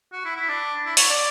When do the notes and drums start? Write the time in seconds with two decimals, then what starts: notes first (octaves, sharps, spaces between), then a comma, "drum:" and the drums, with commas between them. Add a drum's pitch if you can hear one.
0.12 F#4
0.25 E4
0.36 E4
0.48 D4
0.86 E4
0.97 C#5, drum: open hi-hat
1.10 D5